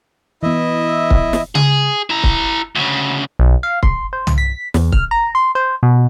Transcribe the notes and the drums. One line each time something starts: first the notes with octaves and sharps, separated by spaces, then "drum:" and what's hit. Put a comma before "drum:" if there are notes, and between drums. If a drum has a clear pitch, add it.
E3 B3 E4 D#5 E5
drum: kick C#1
drum: snare
G#4, drum: tom C#3
E4 A#5
drum: kick C#1
D2 C#3
B1
F5
C6, drum: kick C#1
C5
drum: tom
B6
E2, drum: snare
F6, drum: kick C#1
A#5
C6
C5
B2